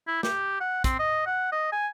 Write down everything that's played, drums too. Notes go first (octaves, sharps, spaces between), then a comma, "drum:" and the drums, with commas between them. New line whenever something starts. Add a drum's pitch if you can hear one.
E4
G4, drum: snare
F#5
C4, drum: kick, hi-hat
D#5
F#5
D#5
G#5